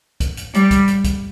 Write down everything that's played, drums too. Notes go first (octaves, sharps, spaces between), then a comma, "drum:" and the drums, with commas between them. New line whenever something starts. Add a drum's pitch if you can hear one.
drum: kick, hi-hat
drum: hi-hat
G3, drum: hi-hat
drum: kick, hi-hat
drum: hi-hat
drum: kick, hi-hat